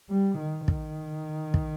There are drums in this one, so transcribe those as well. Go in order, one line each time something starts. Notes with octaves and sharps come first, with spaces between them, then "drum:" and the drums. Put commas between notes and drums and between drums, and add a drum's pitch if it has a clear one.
G3
D#3
D#3, drum: kick
drum: kick